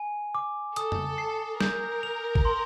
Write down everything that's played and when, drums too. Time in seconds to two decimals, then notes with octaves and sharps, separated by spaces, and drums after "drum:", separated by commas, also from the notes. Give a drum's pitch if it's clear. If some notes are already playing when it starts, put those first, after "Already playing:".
Already playing: G#5
0.35 D6
0.76 A4 D#6, drum: hi-hat
0.92 drum: tom F2
1.18 C7
1.61 A#4 G6, drum: snare
2.03 F7
2.35 drum: kick
2.45 C6